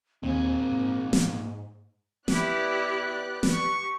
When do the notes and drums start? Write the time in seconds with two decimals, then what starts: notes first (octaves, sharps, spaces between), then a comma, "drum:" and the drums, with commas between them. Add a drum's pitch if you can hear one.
0.23 D#2 A#2 A#3 C4 G#4
0.72 G#2
1.13 drum: snare
2.28 B3 E4 G4 D5 F#6, drum: snare
3.06 G4
3.43 drum: snare
3.53 C#6